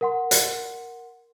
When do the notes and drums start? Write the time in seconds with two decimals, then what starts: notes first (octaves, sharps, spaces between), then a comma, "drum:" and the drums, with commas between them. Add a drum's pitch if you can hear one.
0.01 A#4 F#5 C6
0.31 drum: hi-hat